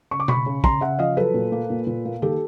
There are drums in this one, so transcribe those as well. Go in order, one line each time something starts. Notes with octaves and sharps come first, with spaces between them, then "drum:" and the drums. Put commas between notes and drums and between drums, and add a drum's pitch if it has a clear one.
C#3 C#6
D6
C#3 B5 C#6, drum: tom B2
C#3
C#3 A#5 C6, drum: kick
C#3 E5 F#5
F3 D#5 F5
F#3 A4 B4
A#2
A#3
A#2
A#2
A#3
D#3 G4 A4